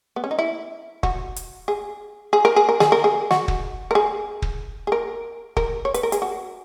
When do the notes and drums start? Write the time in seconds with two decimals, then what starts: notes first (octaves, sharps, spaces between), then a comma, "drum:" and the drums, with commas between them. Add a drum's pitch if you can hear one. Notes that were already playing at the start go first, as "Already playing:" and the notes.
0.16 B3
0.24 C#4
0.31 D#4
0.39 E4
1.03 F#4, drum: kick
1.36 drum: hi-hat
1.68 G#4
2.33 G#4
2.45 A#4
2.56 G#4
2.69 A#4
2.80 G#4, drum: snare
2.92 A#4
3.04 G#4
3.31 F#4, drum: snare
3.48 drum: kick
3.91 A#4
3.95 G#4
4.42 drum: kick
4.87 G#4
4.92 A#4
5.57 A#4, drum: kick
5.85 C#5
5.94 B4, drum: hi-hat
6.03 A#4
6.12 G#4, drum: hi-hat
6.22 F#4